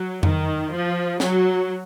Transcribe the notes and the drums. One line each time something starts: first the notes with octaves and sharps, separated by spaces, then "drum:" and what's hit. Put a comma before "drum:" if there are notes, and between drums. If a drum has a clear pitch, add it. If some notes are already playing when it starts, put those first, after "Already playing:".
Already playing: F#3
D#3, drum: tom F2
F3
F#3, drum: snare